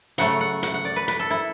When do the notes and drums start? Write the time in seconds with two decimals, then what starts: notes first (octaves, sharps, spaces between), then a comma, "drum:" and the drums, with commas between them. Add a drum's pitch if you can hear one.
0.18 C#3 F#3 A3 F#5, drum: hi-hat
0.41 F#5
0.63 F#5, drum: hi-hat
0.74 F#5
0.85 D5
0.96 B4
1.08 B4, drum: hi-hat
1.19 A4
1.30 E4